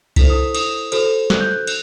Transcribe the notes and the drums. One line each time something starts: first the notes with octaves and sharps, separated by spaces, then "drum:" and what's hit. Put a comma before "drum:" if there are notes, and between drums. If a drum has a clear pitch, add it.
E4 A4 C5 B6, drum: kick C2, cymbal
D#6
D#6, drum: cymbal
F#4 A4 C5, drum: cymbal
F#6, drum: snare
G6
F#6
F#6, drum: cymbal